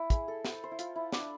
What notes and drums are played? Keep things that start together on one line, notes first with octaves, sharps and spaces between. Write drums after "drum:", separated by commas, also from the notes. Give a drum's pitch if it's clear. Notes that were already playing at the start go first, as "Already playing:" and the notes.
Already playing: E4
G#4, drum: kick, hi-hat
A4
C5, drum: snare
C5
E4
F4, drum: hi-hat
E4
D4, drum: snare